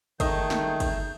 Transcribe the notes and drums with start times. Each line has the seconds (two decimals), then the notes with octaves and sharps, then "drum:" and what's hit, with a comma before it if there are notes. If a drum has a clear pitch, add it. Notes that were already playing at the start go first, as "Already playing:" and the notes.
0.20 D#3 A3 D#4 G#4 D#5 G6, drum: kick, cymbal
0.50 drum: snare
0.80 drum: kick, cymbal